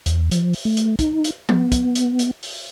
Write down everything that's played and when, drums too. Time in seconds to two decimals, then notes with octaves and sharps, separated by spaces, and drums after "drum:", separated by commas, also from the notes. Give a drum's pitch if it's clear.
0.06 E2, drum: hi-hat
0.31 F3, drum: hi-hat
0.53 drum: open hi-hat
0.65 A3
0.77 drum: hi-hat
0.99 D#4, drum: kick, hi-hat
1.24 drum: hi-hat
1.49 B3, drum: tom F3
1.72 drum: kick, hi-hat
1.95 drum: hi-hat
2.19 drum: hi-hat
2.43 drum: open hi-hat